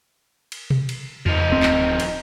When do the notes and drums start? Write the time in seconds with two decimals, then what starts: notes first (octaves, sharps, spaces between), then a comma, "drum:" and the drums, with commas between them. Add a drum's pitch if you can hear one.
0.52 drum: cymbal
0.70 drum: tom B2
0.89 drum: cymbal
1.26 F3 D#4, drum: tom E2
1.50 D1 C4
1.63 drum: clap
2.00 drum: cymbal